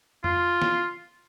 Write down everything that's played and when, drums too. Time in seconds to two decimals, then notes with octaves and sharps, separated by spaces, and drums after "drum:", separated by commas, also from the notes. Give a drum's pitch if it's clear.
0.24 F4, drum: tom F2
0.62 drum: snare